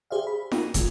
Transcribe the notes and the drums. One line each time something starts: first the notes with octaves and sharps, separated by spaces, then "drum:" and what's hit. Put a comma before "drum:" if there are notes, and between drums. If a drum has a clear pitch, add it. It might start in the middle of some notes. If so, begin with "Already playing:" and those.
G4 G#4 C5 D5 E5 F5
B5
A#3 D#4 F#4, drum: snare
D#3 G#3 F4, drum: kick, hi-hat